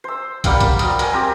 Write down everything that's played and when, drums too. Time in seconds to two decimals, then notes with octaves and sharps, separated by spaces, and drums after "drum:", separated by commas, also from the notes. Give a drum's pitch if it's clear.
0.04 C5 E6
0.44 G3 A#3 F#5 G5, drum: kick, hi-hat
0.60 drum: kick, hi-hat
0.79 F#3 A#4 D#6, drum: hi-hat
0.99 A#4 G#5, drum: hi-hat
1.13 C4 G4